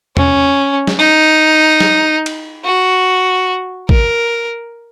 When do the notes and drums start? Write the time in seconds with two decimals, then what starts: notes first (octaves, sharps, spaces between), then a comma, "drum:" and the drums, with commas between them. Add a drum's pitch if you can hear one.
0.17 C#4, drum: tom
0.87 drum: snare
1.00 D#4
1.80 drum: snare
2.26 drum: cymbal
2.65 F#4
3.89 A#4, drum: kick